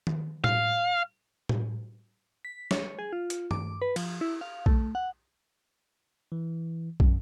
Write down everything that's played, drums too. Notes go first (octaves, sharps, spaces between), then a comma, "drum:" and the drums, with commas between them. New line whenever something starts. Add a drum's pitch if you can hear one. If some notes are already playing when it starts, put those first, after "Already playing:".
drum: tom D#3
F5, drum: tom A2
drum: tom A2
B6
C#5, drum: snare
G#4
F4
drum: hi-hat
D6, drum: tom G2
B4
F3, drum: cymbal
E4
F5
A3, drum: kick
F#5
E3
F#2, drum: kick